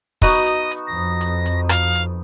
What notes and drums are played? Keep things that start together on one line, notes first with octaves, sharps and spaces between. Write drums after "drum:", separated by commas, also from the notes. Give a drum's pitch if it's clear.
B3 D#4 F#4 D#5, drum: kick, open hi-hat
drum: hi-hat
drum: hi-hat
F2 A#6
drum: hi-hat
drum: hi-hat
F5, drum: rim click
drum: hi-hat